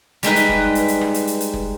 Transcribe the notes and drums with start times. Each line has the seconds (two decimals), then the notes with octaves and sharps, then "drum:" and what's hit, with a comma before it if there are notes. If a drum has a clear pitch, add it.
0.23 G3 G#3 D#4 B4, drum: hi-hat
0.36 drum: hi-hat
0.49 drum: kick F#1
0.75 drum: hi-hat
0.88 drum: hi-hat
1.01 drum: rim click
1.14 drum: hi-hat
1.27 drum: hi-hat
1.40 drum: hi-hat
1.54 drum: kick F#1